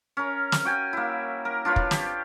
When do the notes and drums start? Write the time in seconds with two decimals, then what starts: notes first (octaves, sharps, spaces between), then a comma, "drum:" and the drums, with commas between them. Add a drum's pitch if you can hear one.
0.17 C#4 A#4
0.52 drum: snare
0.65 F#4 G5 G#5
0.93 A#3 E4
1.45 A#4
1.65 D4 F4 B4 C#5
1.76 drum: kick
1.91 G4, drum: snare